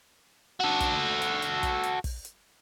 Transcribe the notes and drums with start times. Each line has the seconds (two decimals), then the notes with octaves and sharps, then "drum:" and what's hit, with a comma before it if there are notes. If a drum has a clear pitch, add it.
0.60 F#4 A4
0.80 drum: kick, hi-hat
1.22 drum: hi-hat
1.42 drum: hi-hat
1.63 drum: kick, hi-hat
1.83 drum: hi-hat
2.04 drum: kick, open hi-hat
2.25 drum: hi-hat